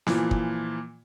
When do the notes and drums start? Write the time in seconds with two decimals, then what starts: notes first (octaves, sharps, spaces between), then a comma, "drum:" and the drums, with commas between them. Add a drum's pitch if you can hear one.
0.07 A#2 E3 F3, drum: snare
0.31 drum: kick